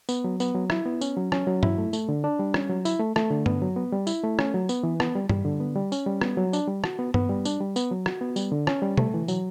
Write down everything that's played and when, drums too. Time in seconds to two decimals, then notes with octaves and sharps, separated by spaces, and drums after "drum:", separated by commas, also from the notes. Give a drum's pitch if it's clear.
0.09 B3, drum: tambourine
0.24 F#3
0.40 B3, drum: tambourine
0.54 F#3
0.70 E4, drum: rim click
0.86 B3
1.01 C#4, drum: tambourine
1.17 F#3
1.32 C#4, drum: rim click
1.47 F#3
1.63 E4, drum: tom G2
1.78 A3
1.93 A3, drum: tambourine
2.09 D3
2.24 D4
2.39 G3
2.54 C#4, drum: rim click
2.70 F#3
2.85 E4, drum: tambourine
2.99 A3
3.16 A3, drum: rim click
3.31 D3
3.46 B3, drum: tom G2
3.62 F#3
3.76 B3
3.93 G3
4.07 E4, drum: tambourine
4.23 A3
4.39 C#4, drum: rim click
4.54 F#3
4.69 B3, drum: tambourine
4.83 E3
5.00 B3, drum: rim click
5.15 G3
5.29 G3, drum: tom G2
5.45 D3
5.60 B3
5.76 G3
5.92 C#4, drum: tambourine
6.06 G3
6.21 B3, drum: rim click
6.37 F#3
6.53 D4, drum: tambourine
6.67 G3
6.84 F#4, drum: rim click
6.99 B3
7.14 B3, drum: tom G2
7.29 G3
7.45 D4, drum: tambourine
7.60 G3
7.76 B3, drum: tambourine
7.91 F#3
8.06 F#4, drum: rim click
8.21 B3
8.36 G3, drum: tambourine
8.52 D3
8.67 C#4, drum: rim click
8.82 G3
8.97 A3, drum: tom
9.14 E3
9.28 F#3, drum: tambourine